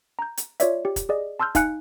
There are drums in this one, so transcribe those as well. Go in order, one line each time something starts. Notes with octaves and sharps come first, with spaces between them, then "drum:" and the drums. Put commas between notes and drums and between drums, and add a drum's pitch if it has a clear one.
A#5 G6
drum: hi-hat
F4 C#5 D5 E5, drum: hi-hat
G4
drum: kick F1, hi-hat
G#4 D5 D#5
A5 C6 E6 F6 G6
D#4 F5 G#5 F#6 C#7, drum: kick F1, hi-hat